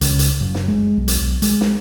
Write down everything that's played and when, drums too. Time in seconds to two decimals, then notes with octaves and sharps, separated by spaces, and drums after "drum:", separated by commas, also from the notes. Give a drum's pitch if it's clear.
0.01 C#2, drum: hi-hat
0.19 drum: hi-hat
0.41 F#1
0.54 drum: snare
0.68 G#3
0.97 B1
1.08 drum: hi-hat
1.21 B1
1.42 G#3, drum: hi-hat
1.61 drum: snare